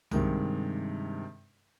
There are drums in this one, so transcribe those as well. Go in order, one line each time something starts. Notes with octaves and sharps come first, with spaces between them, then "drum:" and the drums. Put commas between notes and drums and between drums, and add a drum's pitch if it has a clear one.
G2 C3 D#3 G#3, drum: tom B1